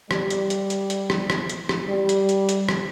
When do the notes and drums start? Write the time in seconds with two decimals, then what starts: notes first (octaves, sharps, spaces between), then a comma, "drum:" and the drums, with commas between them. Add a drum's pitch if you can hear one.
0.11 G3, drum: rim click
0.30 drum: hi-hat
0.50 drum: hi-hat
0.70 drum: hi-hat
0.90 drum: hi-hat
1.10 drum: rim click
1.30 drum: rim click
1.49 drum: hi-hat
1.69 drum: rim click
1.88 G3
2.09 drum: hi-hat
2.29 drum: hi-hat
2.49 drum: hi-hat
2.69 drum: rim click